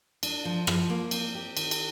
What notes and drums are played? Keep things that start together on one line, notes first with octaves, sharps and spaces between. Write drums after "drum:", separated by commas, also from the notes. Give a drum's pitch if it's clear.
D4, drum: cymbal
F3
F3, drum: rim click
A#3
C4, drum: cymbal
G4
D#3, drum: cymbal
drum: cymbal